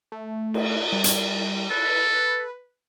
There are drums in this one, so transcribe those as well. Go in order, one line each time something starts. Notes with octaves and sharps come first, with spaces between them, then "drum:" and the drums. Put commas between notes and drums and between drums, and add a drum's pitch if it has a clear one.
A3
drum: cymbal
G3
drum: hi-hat
A4 B4